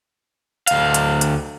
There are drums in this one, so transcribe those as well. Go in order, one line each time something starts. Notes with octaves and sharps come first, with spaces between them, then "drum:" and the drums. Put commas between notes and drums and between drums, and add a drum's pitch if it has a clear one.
D2 F5, drum: hi-hat
drum: hi-hat
drum: hi-hat